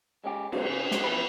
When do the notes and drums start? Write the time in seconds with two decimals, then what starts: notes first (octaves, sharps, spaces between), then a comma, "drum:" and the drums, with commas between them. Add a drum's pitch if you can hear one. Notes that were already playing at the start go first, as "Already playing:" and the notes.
0.24 G#3 C#4 G4
0.52 B2 D3 F#3 G#3 A#3 C4, drum: cymbal
0.68 C#3
0.91 F#3 G#3 C4 G4, drum: snare
1.03 F#2 B2 F3 E4 B4 B5